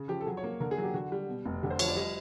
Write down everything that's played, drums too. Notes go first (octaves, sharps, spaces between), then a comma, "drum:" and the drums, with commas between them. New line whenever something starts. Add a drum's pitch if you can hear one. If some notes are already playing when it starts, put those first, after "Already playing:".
Already playing: C#3
F3 G4
A4
F#3 G#4
C#5
A#3
D3 A#4
G#4
F#3
G4
D3 F#4
G3
B2
F1
D3 G4
C5
F3 C#5, drum: cymbal
D5
G3 D#5